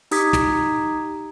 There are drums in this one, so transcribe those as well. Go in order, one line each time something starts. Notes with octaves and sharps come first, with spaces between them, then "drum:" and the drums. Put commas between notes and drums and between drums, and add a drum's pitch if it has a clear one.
D#4 G4 D#6 G#6 B6, drum: hi-hat
drum: snare